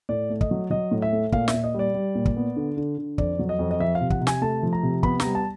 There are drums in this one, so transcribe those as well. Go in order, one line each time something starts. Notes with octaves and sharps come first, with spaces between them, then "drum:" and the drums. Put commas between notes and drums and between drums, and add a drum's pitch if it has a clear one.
A2 D5
A3
D#5, drum: kick
F#3
F#3 D#5
A2
E5
A3
A#2 F5, drum: kick
E5, drum: snare
A#2
D#5
G3 D5
G3
A#2
drum: kick
B3
D3
D3
D3
F2 D5, drum: kick
F#3
D#5
F2
D#5
F3 E5
F5
C3
F#5, drum: kick
C3
G#5, drum: snare
A3 A5
F3
A#5
C3
B3 B5, drum: kick
G3 A#5, drum: snare
A5